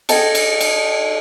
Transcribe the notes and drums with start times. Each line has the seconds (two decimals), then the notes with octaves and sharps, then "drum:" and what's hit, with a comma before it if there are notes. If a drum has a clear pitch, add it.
0.09 A4 D#5 G5 G#5, drum: cymbal
0.35 drum: cymbal
0.60 drum: cymbal